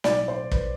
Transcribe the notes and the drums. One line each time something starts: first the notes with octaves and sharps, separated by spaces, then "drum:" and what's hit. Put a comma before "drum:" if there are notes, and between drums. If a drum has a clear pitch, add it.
B1 A2 F#3 D5, drum: snare
C5
B4, drum: kick